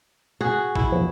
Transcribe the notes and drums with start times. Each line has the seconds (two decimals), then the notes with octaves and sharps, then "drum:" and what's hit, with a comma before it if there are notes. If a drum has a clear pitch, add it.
0.41 F#4 G#4
0.75 E4, drum: kick G#1
0.92 E2 F3